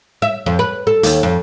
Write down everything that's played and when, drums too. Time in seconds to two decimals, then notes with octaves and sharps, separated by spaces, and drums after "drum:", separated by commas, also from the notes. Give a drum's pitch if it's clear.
0.22 E5
0.46 F2
0.59 B4
0.87 A4
1.03 D#2, drum: hi-hat
1.23 F2